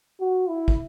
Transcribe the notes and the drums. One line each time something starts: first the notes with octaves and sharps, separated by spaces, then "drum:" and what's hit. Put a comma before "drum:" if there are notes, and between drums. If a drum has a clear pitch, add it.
F#4
E4
drum: kick